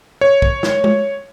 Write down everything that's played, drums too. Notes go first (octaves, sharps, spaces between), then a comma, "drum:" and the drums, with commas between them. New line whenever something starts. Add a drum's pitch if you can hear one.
C#5
drum: kick
drum: snare
drum: tom G#3